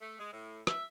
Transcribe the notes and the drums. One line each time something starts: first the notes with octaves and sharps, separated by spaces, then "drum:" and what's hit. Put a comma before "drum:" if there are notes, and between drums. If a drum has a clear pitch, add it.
A3
G#3
A2
E5, drum: rim click